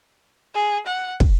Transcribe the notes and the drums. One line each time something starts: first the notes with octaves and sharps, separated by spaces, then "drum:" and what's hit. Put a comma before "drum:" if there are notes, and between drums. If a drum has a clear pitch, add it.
G#4
F#5
drum: kick